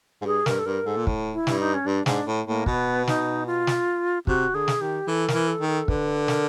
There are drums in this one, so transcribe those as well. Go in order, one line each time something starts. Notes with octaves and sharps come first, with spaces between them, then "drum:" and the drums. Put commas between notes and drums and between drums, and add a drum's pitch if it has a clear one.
G#2
G2 G#4
G2 A#4, drum: snare
A4
G2 A#4
G#2 A4
A#2
A2, drum: kick
E4
G2, drum: snare
D#4
C#4
G2 D4
G#2 D4, drum: snare
A2
A2 A#3
B2 B3, drum: kick
D#4, drum: snare
F4
drum: snare
C3 F#4, drum: kick
D3 G#4
drum: snare
D#3 G4
E3 A4
A#4, drum: snare
E3
A4
D#3
A4
D3 B4, drum: kick
A#4, drum: snare